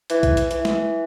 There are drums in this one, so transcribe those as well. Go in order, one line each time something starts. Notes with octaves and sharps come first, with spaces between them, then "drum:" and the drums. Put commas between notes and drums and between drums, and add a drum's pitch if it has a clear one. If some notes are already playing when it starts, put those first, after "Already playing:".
E3, drum: hi-hat
drum: kick B1, hi-hat
drum: hi-hat
E3, drum: hi-hat
drum: snare